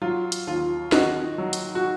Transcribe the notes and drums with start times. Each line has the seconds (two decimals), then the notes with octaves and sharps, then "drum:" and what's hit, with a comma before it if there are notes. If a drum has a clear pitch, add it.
0.01 F#3 F4
0.32 drum: hi-hat
0.47 D#2 F4
0.92 D#3 D#4 F#4, drum: snare
1.38 F#3
1.53 drum: hi-hat
1.75 F#4